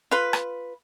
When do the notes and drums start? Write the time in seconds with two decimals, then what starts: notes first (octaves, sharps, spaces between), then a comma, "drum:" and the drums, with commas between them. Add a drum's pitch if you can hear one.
0.11 F4 B4
0.33 drum: rim click